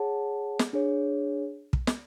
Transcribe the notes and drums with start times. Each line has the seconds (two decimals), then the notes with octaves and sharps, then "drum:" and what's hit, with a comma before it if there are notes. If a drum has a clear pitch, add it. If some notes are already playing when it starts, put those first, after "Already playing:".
Already playing: G#4 C#5 F#5 A5
0.59 drum: snare
0.73 D4 G#4 C#5
1.73 drum: kick
1.87 drum: snare